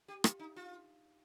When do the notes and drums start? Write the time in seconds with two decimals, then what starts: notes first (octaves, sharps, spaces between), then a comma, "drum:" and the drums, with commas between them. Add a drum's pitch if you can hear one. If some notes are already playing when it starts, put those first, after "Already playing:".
0.08 G4
0.24 F4, drum: rim click
0.39 D#4
0.56 F4